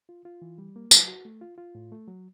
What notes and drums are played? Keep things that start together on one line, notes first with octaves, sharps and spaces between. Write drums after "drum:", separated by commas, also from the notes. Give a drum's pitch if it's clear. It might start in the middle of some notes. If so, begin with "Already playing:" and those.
F4
F4
E3
G3
A#3
F#3, drum: tambourine
F#4
A3
F4
F4
A2
A3
F#3